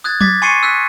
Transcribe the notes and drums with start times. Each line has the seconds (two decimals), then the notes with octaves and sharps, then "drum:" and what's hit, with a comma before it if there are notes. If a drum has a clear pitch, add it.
0.04 D#6 F#6 G#6 A6
0.21 D6 G#6 A6 B6, drum: tom F#3
0.42 G#5 C6 C#6 C7 C#7 D#7
0.63 E6 F#6 B6